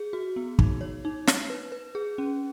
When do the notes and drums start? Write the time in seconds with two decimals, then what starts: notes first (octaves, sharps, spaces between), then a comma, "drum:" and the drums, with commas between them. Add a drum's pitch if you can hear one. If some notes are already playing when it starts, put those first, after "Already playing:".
Already playing: G#4
0.13 F#4
0.36 B3
0.59 D#4, drum: kick
0.81 C#5
1.05 D#4
1.27 C#5, drum: snare
1.50 B4
1.72 B4
1.95 G#4
2.18 C#4